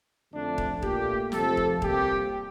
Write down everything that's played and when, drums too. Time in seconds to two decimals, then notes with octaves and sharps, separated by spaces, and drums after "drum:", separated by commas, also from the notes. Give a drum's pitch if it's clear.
0.33 F2 D3 A3 D4
0.58 drum: kick D#1
0.82 A#2 A3 G4, drum: kick D#1
1.32 F2 C3 F3 A3 A4, drum: snare
1.57 drum: kick D#1
1.82 C3 G3 A#3 G4, drum: kick D#1